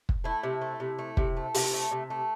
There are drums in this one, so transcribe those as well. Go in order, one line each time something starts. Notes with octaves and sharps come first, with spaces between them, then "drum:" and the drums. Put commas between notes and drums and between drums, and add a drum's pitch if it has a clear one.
drum: kick
A3 E4
C3
A3
C3
A3
C3, drum: kick
A3
C3, drum: open hi-hat
A3
C3
A3